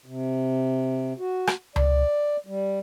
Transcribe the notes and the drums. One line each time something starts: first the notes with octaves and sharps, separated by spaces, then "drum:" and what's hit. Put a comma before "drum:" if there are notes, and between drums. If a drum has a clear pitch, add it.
C3
F#4
drum: rim click
D5, drum: tom C#2
G3